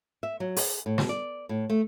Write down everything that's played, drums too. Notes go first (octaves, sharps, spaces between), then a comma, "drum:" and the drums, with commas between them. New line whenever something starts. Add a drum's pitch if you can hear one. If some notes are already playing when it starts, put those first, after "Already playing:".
E5
F#3
G#4, drum: open hi-hat
A2
B2, drum: snare
D5
A2
A3